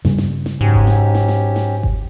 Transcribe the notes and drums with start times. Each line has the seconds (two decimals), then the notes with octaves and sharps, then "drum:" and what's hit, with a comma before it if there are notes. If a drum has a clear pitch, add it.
0.05 G2 C#3 G3, drum: snare
0.18 drum: snare
0.46 drum: snare
0.61 G#2 F#3 C#4 G4
0.73 drum: kick G1
0.87 drum: snare
1.15 drum: snare
1.28 drum: snare
1.56 drum: snare
1.83 drum: kick G1